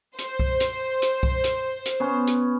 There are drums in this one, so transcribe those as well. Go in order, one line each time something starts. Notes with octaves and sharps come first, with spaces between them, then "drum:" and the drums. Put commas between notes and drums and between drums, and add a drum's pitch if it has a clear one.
C5, drum: hi-hat
drum: kick C2
drum: hi-hat
drum: hi-hat
drum: kick C2
drum: hi-hat
drum: hi-hat
B3 C#4
drum: hi-hat